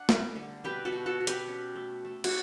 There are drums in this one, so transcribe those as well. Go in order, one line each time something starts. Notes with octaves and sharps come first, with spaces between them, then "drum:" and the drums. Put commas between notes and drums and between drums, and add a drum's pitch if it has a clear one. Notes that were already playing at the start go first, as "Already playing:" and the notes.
Already playing: D4 F#5
G3, drum: snare
D3
B2 G4 B4
F#4 A4
B2
F#4 A4
B2
G4 B4, drum: hi-hat
C#4
A3
A3
F#4, drum: cymbal